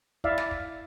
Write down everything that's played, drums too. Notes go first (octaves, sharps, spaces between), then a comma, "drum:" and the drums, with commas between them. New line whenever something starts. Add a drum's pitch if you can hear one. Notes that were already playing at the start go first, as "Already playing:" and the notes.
E4 D5 E5 F5, drum: kick
drum: snare
drum: kick